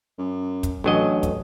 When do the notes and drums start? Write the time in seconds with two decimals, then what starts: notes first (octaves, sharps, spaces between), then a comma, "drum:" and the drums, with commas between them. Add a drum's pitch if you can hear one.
0.18 F#2
0.63 drum: kick, hi-hat
0.84 A1 D3 F#3 D#5
1.23 drum: kick, hi-hat